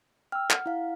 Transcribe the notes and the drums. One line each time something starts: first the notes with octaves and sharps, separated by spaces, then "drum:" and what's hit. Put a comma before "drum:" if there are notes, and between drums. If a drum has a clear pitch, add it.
G5 E6 F6
F#5, drum: clap
E4 F5